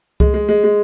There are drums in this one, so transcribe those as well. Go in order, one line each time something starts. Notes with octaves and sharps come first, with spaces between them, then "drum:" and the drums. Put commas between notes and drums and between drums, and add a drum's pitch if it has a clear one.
G#3, drum: kick C2
G#3
G#3
G#3